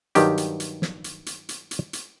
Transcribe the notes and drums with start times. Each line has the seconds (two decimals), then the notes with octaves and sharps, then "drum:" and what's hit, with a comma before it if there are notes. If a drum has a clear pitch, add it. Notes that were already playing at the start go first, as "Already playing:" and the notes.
0.15 G2 D#3 F#3 G4, drum: hi-hat
0.37 drum: hi-hat
0.60 drum: hi-hat
0.82 drum: snare
1.04 drum: hi-hat
1.26 drum: hi-hat
1.49 drum: hi-hat
1.71 drum: hi-hat
1.93 drum: hi-hat